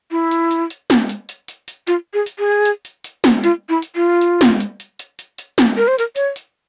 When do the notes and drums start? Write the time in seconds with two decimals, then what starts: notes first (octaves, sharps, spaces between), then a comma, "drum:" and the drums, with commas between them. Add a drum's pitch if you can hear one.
0.11 E4
0.31 drum: hi-hat
0.51 drum: hi-hat
0.70 drum: hi-hat
0.90 drum: snare
1.09 drum: hi-hat
1.29 drum: hi-hat
1.48 drum: hi-hat
1.68 drum: hi-hat
1.87 F4, drum: hi-hat
2.14 G#4
2.26 drum: hi-hat
2.39 G#4
2.65 drum: hi-hat
2.85 drum: hi-hat
3.04 drum: hi-hat
3.24 drum: snare
3.44 F4, drum: hi-hat
3.69 E4
3.82 drum: hi-hat
3.96 F4
4.21 drum: hi-hat
4.41 drum: snare
4.60 drum: hi-hat
4.80 drum: hi-hat
4.99 drum: hi-hat
5.19 drum: hi-hat
5.38 drum: hi-hat
5.58 drum: snare
5.77 A#4
5.88 C5
5.99 A#4, drum: hi-hat
6.16 C#5, drum: hi-hat
6.36 drum: hi-hat